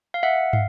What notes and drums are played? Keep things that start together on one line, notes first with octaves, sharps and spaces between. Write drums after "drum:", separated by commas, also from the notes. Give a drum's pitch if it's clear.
F5
E5 F#5
F5, drum: tom